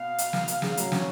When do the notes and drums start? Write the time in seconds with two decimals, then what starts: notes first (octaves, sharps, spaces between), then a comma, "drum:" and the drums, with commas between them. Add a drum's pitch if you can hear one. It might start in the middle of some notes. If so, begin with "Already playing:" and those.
Already playing: B2 F5
0.18 drum: hi-hat
0.33 drum: snare
0.48 drum: hi-hat
0.62 C#3, drum: snare
0.77 F#3, drum: hi-hat
0.92 C#4, drum: snare